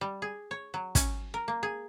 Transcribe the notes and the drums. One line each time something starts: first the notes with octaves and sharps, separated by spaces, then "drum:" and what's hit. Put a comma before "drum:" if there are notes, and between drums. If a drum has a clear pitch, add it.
G3
G#4
C#5
F#3
C#4, drum: kick, hi-hat
A#4
A#3
G#4